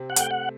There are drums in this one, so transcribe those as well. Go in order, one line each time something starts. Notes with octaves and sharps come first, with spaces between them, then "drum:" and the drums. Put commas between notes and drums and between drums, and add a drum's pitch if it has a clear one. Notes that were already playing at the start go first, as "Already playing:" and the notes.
Already playing: C3 C4
F#5
A3 G5, drum: hi-hat
F#5